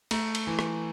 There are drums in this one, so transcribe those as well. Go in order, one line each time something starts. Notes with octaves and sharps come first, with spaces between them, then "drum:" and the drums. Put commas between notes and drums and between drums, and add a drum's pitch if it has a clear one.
A3 A#5, drum: cymbal
drum: cymbal
E3
drum: rim click